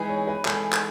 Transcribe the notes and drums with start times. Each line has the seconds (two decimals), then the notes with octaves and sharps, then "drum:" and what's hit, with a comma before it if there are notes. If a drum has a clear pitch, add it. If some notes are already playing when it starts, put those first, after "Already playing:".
Already playing: E3 G#3 D#4 G#4 B4
0.09 C#5
0.28 B4
0.45 E3 G#3 D#4 G#4 A4, drum: clap
0.73 drum: clap